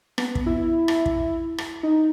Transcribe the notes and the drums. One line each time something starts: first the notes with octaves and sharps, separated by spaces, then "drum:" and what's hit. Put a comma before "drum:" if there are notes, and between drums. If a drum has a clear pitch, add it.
B3, drum: rim click
drum: kick
E4
drum: rim click
drum: kick
drum: rim click
D#4